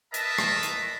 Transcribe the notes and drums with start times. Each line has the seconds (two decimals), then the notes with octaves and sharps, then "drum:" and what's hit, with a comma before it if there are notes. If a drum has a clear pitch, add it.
0.14 A#4 B4 D#5 E5 A5 A#5, drum: hi-hat
0.38 drum: rim click
0.63 drum: hi-hat